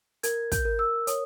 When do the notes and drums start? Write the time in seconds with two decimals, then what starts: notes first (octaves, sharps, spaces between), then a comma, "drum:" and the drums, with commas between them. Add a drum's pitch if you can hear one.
0.23 A#4 G#6, drum: hi-hat
0.52 G6, drum: kick, hi-hat
0.65 A#4
0.79 E6
1.07 C#5 D#6, drum: hi-hat